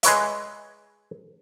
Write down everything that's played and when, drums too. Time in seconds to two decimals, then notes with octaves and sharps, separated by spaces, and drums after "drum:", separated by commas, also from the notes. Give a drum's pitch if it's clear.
0.03 G#3 B4 C#5 E5, drum: hi-hat